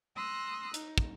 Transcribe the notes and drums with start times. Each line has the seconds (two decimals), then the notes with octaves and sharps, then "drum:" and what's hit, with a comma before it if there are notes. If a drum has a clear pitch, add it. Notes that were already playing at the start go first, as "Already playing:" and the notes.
0.16 C6 D#6 E6 F#6 A#6
0.74 D#4, drum: hi-hat
0.98 drum: kick